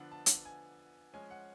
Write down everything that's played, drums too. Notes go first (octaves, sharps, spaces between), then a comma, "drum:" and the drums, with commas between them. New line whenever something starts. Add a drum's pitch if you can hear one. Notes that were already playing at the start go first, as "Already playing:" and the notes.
Already playing: D3 F3 B3 D4
A5
drum: hi-hat
G#5
F3 G#3 C#4 G#5
F#5